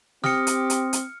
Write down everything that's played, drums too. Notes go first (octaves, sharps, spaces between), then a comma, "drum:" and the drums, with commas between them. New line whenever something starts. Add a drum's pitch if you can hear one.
C4 G4 D#6 F6 A#6 C#7, drum: snare
drum: hi-hat
drum: hi-hat
drum: hi-hat